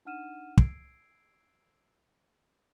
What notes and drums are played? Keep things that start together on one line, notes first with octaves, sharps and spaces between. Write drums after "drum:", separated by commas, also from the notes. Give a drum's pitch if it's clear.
D4 D#4 F#5 F6 D#7 E7
E6 G#6 C7 D7, drum: kick